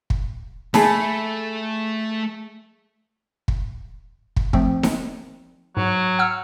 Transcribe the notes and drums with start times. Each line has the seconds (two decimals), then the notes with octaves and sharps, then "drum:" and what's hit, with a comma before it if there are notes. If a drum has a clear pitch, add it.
0.10 drum: kick
0.74 A3 G#4 A5 B5, drum: snare D#4
3.48 drum: kick
4.36 drum: kick
4.53 F3 A3 C4, drum: kick
4.83 drum: snare D#4
5.77 G#2 F#3
6.19 F#5 E6 F6